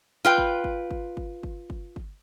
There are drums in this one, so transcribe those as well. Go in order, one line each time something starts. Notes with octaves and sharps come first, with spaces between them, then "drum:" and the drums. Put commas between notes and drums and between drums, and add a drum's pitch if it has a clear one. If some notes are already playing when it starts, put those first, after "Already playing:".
F4 B4 G5
drum: kick G1
drum: kick G1
drum: kick G1
drum: kick G1
drum: kick G1
drum: kick G1
drum: kick G1